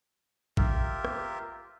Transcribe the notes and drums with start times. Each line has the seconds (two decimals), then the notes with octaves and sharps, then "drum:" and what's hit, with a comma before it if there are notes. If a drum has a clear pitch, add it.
0.57 F4 G4 A#4 E5, drum: kick
1.05 drum: rim click